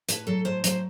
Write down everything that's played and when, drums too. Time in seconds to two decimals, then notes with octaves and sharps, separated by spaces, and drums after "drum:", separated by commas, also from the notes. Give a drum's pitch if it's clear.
0.09 A2 B4, drum: hi-hat
0.27 F#3 A4
0.45 A2 C5
0.64 F#3 C5, drum: hi-hat